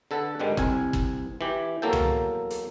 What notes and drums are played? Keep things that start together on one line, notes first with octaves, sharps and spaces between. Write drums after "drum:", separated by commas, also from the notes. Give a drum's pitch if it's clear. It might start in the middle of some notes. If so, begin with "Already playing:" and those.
D3 A4 B4 F#5
G#2 D3 D#3 G3 G#3
C2 C4 G#5, drum: kick
drum: kick
E3 G4
E2 F#3 A#3 A4 G5
drum: tom C#2
drum: hi-hat